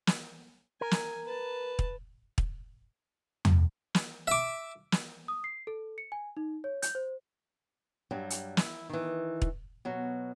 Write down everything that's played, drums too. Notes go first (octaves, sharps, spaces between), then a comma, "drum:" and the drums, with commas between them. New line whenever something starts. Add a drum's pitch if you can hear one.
drum: snare
A#4 G#5
drum: snare
B4 A5
drum: kick
drum: kick
drum: tom E2
drum: snare
E5 D6
drum: snare
D#6
C7
A4
C#7
G#5
D#4
C#5
G6, drum: hi-hat
C5
G2 F#3 G3
drum: hi-hat
E4, drum: snare
D#3 E3
drum: kick
B2 F#3